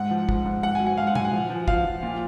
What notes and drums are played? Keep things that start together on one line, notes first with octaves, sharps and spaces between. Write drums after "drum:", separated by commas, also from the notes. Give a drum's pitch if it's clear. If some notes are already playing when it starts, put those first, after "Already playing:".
Already playing: G#2 F#5
F3
G#2, drum: kick
G#2
G#2 F#5
F#3 G#5
F#5
G#2 F5
F#5
G#2 G#5, drum: tom A#2
F#5
F3
F3
F3 F5, drum: kick
F3
A#2